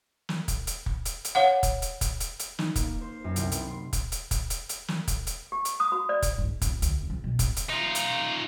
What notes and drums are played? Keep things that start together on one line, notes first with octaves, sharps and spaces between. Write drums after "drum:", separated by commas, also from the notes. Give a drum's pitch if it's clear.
drum: snare
drum: kick, hi-hat
drum: hi-hat
drum: kick
drum: hi-hat
drum: hi-hat
C#5 F5 F#5
drum: kick, hi-hat
drum: hi-hat
drum: kick, hi-hat
drum: hi-hat
drum: hi-hat
D#4, drum: snare
A#3, drum: kick, hi-hat
C5
F#2
C2, drum: hi-hat
B3, drum: hi-hat
C6
drum: kick, hi-hat
drum: hi-hat
drum: kick, hi-hat
drum: hi-hat
drum: hi-hat
drum: snare
drum: kick, hi-hat
drum: hi-hat
G4
drum: hi-hat
D#6
F#4
D5
drum: kick, hi-hat
G#2
F1 F3, drum: kick, hi-hat
D2, drum: hi-hat
C#3 F3
B2
G#1, drum: kick, hi-hat
drum: hi-hat
D#4 F4
drum: hi-hat